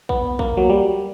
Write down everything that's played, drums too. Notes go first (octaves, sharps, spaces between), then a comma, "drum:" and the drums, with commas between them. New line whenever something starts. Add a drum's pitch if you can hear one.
B3, drum: kick A#1
A#3, drum: kick A#1
F#3
G3